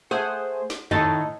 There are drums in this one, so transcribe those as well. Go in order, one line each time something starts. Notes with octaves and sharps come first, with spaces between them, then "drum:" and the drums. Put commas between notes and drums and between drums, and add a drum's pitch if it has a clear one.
A3 G#4 C5 F#5
drum: snare
A2 D#3 A4 D#5 A5, drum: tom F2